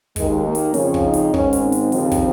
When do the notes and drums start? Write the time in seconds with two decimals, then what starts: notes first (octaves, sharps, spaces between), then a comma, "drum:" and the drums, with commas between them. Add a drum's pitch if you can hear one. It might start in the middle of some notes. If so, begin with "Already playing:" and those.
0.16 D#2 D#3 G#3, drum: kick, hi-hat
0.45 A#3
0.55 drum: hi-hat
0.74 F2 C#3 F3 C#4, drum: open hi-hat
0.94 drum: kick
1.03 D#4
1.14 drum: hi-hat
1.34 G#2 D#3 C#4, drum: kick
1.53 drum: hi-hat
1.62 C4
1.72 drum: hi-hat
1.92 D#2 C#3 F3, drum: open hi-hat
2.12 drum: kick, hi-hat